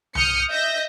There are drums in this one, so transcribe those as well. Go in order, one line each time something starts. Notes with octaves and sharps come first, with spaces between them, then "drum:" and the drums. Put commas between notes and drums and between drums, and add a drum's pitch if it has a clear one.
D#6 F6 G6 C#7, drum: tom C2
D#5 E5 G6 A#6